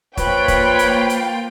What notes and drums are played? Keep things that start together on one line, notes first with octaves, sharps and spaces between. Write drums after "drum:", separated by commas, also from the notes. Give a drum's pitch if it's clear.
F3 A#3 F4 B4 C#5 G5 B5, drum: kick, hi-hat
drum: kick, hi-hat
drum: hi-hat
drum: hi-hat